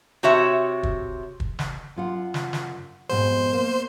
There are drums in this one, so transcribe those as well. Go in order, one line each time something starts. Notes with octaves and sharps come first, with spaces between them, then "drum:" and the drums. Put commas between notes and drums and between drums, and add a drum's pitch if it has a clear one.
C3 F#4 C#5 E5
drum: kick
drum: kick
drum: snare
F#2 F4 F#5
drum: snare
drum: snare
F2 G#2 B2 C5
A#3